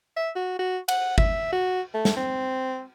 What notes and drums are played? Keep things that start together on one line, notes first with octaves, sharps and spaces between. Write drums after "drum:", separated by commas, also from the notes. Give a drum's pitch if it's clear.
E5
F#4
F#4
F#5, drum: cymbal
E5, drum: kick G1
F#4
A3
drum: snare
C4